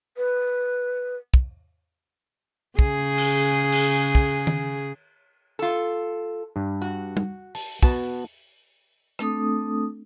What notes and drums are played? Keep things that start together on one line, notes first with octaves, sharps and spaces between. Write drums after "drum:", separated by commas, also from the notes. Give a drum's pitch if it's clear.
B4
drum: kick
C#3 G#4, drum: kick
drum: cymbal
drum: cymbal
drum: kick
drum: tom D#3
F4 A4
G2
F#4
drum: tom G3
A5, drum: open hi-hat
B3 F#4 A5, drum: kick
A3 C4 D4 A4 D#6, drum: rim click